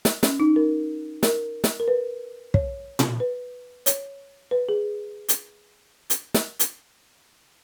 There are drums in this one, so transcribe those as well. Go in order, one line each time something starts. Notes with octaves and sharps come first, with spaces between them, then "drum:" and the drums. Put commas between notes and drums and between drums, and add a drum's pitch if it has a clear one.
drum: snare
C#4, drum: snare
D#4
A#4
A#4, drum: snare
drum: snare
A#4
B4
C#5, drum: kick
drum: tom A#2
B4
C#5, drum: hi-hat
B4
G#4
drum: hi-hat
drum: hi-hat
drum: snare
drum: hi-hat